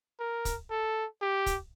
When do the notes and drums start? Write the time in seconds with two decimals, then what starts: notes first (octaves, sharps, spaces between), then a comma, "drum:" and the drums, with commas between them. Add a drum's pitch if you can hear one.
0.20 A#4
0.45 drum: kick, hi-hat
0.70 A4
1.22 G4
1.46 drum: kick, hi-hat